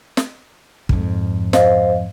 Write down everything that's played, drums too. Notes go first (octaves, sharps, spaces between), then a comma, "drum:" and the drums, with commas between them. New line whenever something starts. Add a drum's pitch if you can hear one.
drum: snare
F2 G#2, drum: kick
C5 D#5 F5, drum: snare